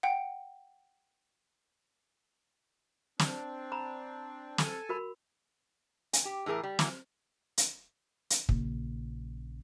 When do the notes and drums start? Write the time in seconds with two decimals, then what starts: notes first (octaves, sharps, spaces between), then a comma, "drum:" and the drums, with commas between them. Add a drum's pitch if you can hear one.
0.03 F#5 G5
3.19 C4 D4, drum: snare
3.72 A#5 B5
4.58 A4 G#5, drum: snare
4.89 F#4 A#4 B5
6.13 G#5, drum: hi-hat
6.25 G4
6.46 A2 E3 G#4 A#4 A5
6.63 G3
6.79 E3 A#3 F#4, drum: snare
7.58 drum: hi-hat
8.30 drum: hi-hat
8.49 A#1 C#3, drum: kick